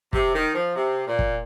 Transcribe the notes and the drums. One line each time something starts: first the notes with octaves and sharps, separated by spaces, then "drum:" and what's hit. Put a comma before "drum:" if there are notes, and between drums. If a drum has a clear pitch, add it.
C3, drum: kick
D#3
F3
C3
A#2
drum: kick